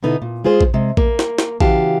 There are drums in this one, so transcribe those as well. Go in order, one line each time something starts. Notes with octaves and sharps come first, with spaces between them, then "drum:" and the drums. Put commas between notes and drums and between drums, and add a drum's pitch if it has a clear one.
B2 D3 B3 D#4 E4 A4
A#2
G#3 F4 G#4 C5
drum: kick A#1
C3 G#3
A#3, drum: kick A#1
drum: snare
drum: snare
C#3 E3 F#4 G4 F5 A5, drum: kick A#1